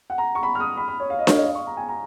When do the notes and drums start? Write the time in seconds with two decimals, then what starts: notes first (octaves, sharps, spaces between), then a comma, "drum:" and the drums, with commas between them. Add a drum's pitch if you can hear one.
0.10 F#5
0.18 A#5
0.35 C#6
0.43 B5
0.55 F6
0.60 D#6
0.77 B5
0.88 B5
1.00 C#5
1.10 F5
1.19 D#5
1.27 C#5, drum: snare D4
1.36 D#5
1.45 F5
1.55 C#6
1.67 A#5
1.77 G#5
1.89 A#5